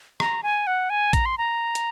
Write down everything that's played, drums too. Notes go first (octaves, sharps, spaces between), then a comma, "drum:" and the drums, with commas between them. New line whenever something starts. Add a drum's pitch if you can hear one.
A#5, drum: rim click
G#5
F#5
G#5
A#5, drum: kick, hi-hat
C6
A#5
drum: hi-hat